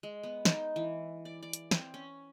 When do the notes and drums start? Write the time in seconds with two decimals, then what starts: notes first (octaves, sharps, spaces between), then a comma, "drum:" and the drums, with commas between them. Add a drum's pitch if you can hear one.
0.03 G#3
0.23 B3
0.45 D#4, drum: snare
0.76 E3
1.25 D5
1.43 D5
1.53 drum: hi-hat
1.71 C4, drum: snare
1.94 C#4